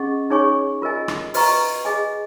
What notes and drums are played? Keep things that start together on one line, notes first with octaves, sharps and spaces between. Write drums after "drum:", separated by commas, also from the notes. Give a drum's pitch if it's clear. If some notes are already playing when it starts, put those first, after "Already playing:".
Already playing: C#4 G#4 D#5 F#5 C#6
D#4 G#4 C#5 G#5 C#6
F4 A#4 D#5 G#5
drum: rim click
F#4 B4 D#5 A#5 C#6, drum: open hi-hat
G#4 D#5 G#5